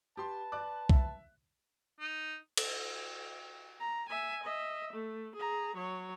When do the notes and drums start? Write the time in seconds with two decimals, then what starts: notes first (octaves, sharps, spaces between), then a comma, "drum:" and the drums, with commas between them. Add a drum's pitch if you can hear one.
0.17 G4 B4 A5 C6
0.52 D5 D6 F#6
0.90 E5, drum: kick C2
2.00 D#4
2.57 drum: cymbal
3.80 A#5
4.09 E5 G#5
4.43 D#5 E5
4.93 A3
5.36 G#4 A#5
5.76 F#3 C#5